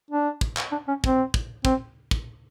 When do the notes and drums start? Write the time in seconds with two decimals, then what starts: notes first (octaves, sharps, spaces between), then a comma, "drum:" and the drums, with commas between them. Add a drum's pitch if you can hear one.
0.11 D4
0.41 drum: kick
0.57 drum: clap
0.72 D4
0.88 C#4
1.04 C4, drum: kick
1.34 drum: kick
1.65 C4, drum: kick
2.11 drum: kick